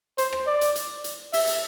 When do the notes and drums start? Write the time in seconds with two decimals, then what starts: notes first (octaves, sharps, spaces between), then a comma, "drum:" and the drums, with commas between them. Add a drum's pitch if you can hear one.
0.18 C5, drum: hi-hat
0.33 drum: rim click
0.47 D5
0.61 drum: hi-hat
0.75 drum: hi-hat
1.04 drum: hi-hat
1.33 E5, drum: open hi-hat
1.47 drum: hi-hat